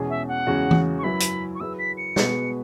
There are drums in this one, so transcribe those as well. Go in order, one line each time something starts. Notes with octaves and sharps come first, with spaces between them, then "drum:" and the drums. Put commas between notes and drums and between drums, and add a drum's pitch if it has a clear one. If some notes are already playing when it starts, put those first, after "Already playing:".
Already playing: E2 B2 G#3 C#4 G#4
E5
F#5
E2 C#3 G#3 C#4 F#4
drum: tom E3
C#6
F#2 F#3 E4 B4 B5
drum: hi-hat
C#6
F#3 E4 G#4 B4 E6
B6
C#7
B2 G#3 B3 F#4 B4, drum: snare